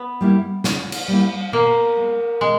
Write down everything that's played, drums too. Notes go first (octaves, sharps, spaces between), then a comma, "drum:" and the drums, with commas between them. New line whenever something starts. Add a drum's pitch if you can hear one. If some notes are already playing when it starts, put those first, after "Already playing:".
Already playing: B3
G3 A#3 E4
C#3, drum: snare
drum: cymbal
G3 A#3 E4
B2 A#3
G#3 B3
B2 G#3